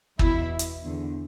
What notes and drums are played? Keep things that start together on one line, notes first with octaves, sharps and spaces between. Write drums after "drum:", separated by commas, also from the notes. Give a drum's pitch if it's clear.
E2 B2 E4, drum: kick
drum: hi-hat
E2 D3